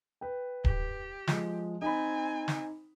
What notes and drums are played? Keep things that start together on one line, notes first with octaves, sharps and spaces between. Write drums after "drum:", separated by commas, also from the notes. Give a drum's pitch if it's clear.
B4 G5
G4, drum: kick D1
F3 G#3, drum: snare
C4 D#4 G#5 B5
drum: snare